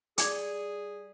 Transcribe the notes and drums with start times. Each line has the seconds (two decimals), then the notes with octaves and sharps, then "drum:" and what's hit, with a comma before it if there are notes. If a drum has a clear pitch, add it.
0.18 G3 G#4 D6 G#6, drum: hi-hat